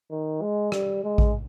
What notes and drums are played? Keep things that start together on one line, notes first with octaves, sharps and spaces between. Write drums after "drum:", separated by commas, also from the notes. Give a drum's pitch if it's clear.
D#3
G#3
G3, drum: rim click
G#3
drum: kick A1